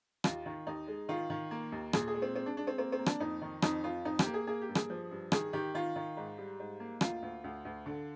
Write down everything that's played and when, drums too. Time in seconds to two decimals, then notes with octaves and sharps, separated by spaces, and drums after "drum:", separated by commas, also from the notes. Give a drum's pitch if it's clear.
0.24 D#2 F4, drum: rim click
0.46 D#3
0.67 D#2 D#4
0.87 G#3
1.09 D#3 F4
1.30 D#3
1.51 A#3
1.72 D#2
1.93 A#2 G#4, drum: rim click
2.08 G#4
2.14 G#3
2.22 C4
2.36 G#3 C4
2.46 D4
2.57 G#3 D4
2.67 C4
2.78 A#3 C4
2.92 C4
2.99 A#3
3.06 D4, drum: rim click
3.20 F2 D#4
3.42 D#3
3.62 F2 D#4, drum: rim click
3.84 F2 F4
4.05 F2 D#4
4.19 G4, drum: rim click
4.26 A#3
4.34 G#4
4.47 A#3 G#4
4.62 G4
4.69 G2
4.75 G#4, drum: rim click
4.90 F3
5.11 G2
5.32 D#3 G#4, drum: rim click
5.53 D#3 G4
5.75 D#3 F4
5.96 D#3
6.17 G#2
6.38 G3
6.60 G#2
6.80 A#3
7.01 D2 F4, drum: rim click
7.22 D2
7.44 D2
7.65 D2
7.86 D3